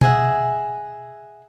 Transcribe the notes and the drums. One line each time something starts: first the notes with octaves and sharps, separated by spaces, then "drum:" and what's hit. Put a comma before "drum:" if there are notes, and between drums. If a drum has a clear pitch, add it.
G#4 D#5 E5 F#5, drum: tom B2